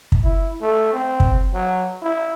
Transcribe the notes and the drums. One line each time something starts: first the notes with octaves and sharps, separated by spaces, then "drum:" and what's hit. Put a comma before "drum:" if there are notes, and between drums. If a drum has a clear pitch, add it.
drum: kick
E4
A3
C4
drum: kick
F#3
E4